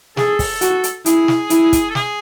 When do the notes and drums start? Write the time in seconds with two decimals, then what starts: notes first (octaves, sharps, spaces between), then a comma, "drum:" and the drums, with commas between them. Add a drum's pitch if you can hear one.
0.17 G#4 A4, drum: snare
0.39 drum: kick, open hi-hat
0.61 F#4, drum: hi-hat
0.84 drum: hi-hat
1.06 E4 G#4, drum: hi-hat
1.28 drum: snare
1.50 E4, drum: hi-hat
1.73 drum: kick, hi-hat
1.90 A4
1.95 G#4, drum: snare